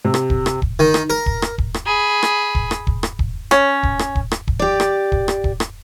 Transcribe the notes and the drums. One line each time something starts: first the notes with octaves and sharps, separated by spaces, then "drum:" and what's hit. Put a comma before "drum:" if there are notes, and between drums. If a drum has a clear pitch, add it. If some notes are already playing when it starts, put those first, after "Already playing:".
C3
drum: rim click
drum: kick
drum: rim click
drum: kick
D#3
drum: rim click
A#4
drum: kick
drum: rim click
drum: kick
drum: rim click
G#4 B5
drum: rim click
drum: kick
drum: rim click
drum: kick
drum: rim click
drum: kick
C#4, drum: rim click
drum: kick
drum: rim click
drum: kick
drum: rim click
drum: kick
G4 D5
drum: rim click
drum: kick
drum: rim click
drum: kick
drum: rim click